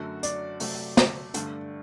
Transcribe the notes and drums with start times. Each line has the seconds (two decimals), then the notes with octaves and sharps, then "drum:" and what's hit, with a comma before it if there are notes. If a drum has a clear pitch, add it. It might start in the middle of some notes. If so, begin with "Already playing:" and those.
Already playing: F#2 D3 F#3 A3 F#4
0.23 D5, drum: hi-hat
0.60 C3 F#3 A3, drum: open hi-hat
0.97 drum: snare
1.34 G2 D3 A3, drum: hi-hat